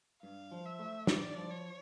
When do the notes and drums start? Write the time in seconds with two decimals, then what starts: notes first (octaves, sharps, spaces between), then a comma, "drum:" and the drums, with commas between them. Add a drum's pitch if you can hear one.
0.23 G2 F5
0.51 F3
0.65 E5
0.79 A3
1.07 G2 D5, drum: snare
1.36 F3
1.50 C#5